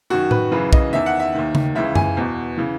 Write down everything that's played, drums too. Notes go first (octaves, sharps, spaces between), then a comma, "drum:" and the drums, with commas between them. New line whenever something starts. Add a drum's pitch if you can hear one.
F#2 D#3 F#4
B4, drum: tom A2
F#2 C#3 E3 B4
D#5, drum: kick
E2 D#3 E5
F#5
E5
D#2 D#3
drum: tom C#3
C#2 C#3 E3 E5
G#5, drum: tom F#2
E2 B2
C#3 E3